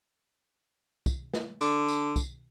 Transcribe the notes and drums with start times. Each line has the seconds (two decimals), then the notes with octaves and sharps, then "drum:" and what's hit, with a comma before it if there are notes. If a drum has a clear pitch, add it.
1.06 drum: kick, tambourine
1.34 drum: snare
1.61 D3, drum: tambourine
1.88 drum: tambourine
2.16 drum: kick, tambourine